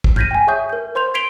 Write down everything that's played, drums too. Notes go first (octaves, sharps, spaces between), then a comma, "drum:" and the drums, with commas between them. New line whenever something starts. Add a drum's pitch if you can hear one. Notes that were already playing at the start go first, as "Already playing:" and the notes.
drum: kick
F6 G6 G#6 A#6 B6 D#7, drum: tom G2
G5 G#5
G#4 C#5 E5 C#6 D#6 G6
A#4 G6
C5 C6 G6 F7
G#6 B6 C7 D7 F7 G7